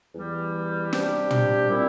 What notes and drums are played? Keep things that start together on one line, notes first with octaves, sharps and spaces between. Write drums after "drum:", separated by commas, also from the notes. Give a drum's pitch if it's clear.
E2 E3 G3
C3 G3 D4 G4, drum: snare
drum: tom
A#2 G3 C4 E4